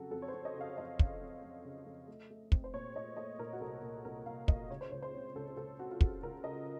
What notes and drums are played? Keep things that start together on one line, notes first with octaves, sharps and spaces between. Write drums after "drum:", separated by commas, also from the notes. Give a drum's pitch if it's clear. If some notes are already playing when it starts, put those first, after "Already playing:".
Already playing: F2 C#3 F#3 F#4 A4
F2 A4
C#5
C5
F2
D#5
C#3
F5
F2 D#5
C#3, drum: kick
F2
F2
C#3
F2
A3
A3
C4, drum: kick
C5
A#2 C#5
A3 D#5
A3 D#5
A#2 A#4
F#4
C2 A4
A#2
C2 A#4
C2 F5
A#2 D#5, drum: kick
C#2 C#5
C5
C#2 C#5
C5
C4
C#2 A4
C#2 A4
C4 F#4
F4
C#3 F#4, drum: kick
C#2 A#4
C#3 D#5